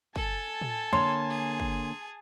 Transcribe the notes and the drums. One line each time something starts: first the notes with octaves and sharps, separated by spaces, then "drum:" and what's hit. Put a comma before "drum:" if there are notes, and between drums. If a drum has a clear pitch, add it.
A4 G#5 A5, drum: kick
drum: tom
D3 A#3 C#5 C6
G#4
drum: kick